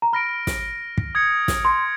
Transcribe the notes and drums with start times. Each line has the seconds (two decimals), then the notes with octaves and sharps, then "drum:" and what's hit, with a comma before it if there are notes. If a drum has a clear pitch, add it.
0.02 A#5
0.13 B5 F6 A#6 D7
0.47 drum: snare
0.98 drum: kick
1.15 D#6 G#6 C#7
1.48 drum: snare
1.65 C6